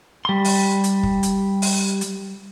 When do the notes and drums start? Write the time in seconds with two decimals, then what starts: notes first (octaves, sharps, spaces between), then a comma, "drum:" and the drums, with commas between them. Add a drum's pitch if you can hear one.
0.25 G3 C6
0.45 drum: open hi-hat
0.84 drum: hi-hat
1.03 drum: kick
1.23 drum: hi-hat
1.62 drum: open hi-hat
2.01 drum: hi-hat